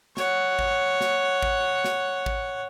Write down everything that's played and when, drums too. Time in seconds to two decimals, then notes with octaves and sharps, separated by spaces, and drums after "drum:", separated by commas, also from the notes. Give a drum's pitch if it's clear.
0.17 C#5 F#5, drum: snare
0.59 drum: kick
1.01 drum: snare
1.43 drum: kick
1.84 drum: snare
2.26 drum: kick